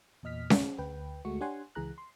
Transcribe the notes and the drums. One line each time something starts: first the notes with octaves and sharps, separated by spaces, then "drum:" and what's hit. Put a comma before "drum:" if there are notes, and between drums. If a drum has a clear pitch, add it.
E2 A#2 D#5 F6 B6
drum: snare C#4
D2 B4 G5
D2 G#3 A3 F#4 C#6
D4 G4 C#5 F#5 G#5 C6
C#2 E3 G#4 A#5 F#6
C6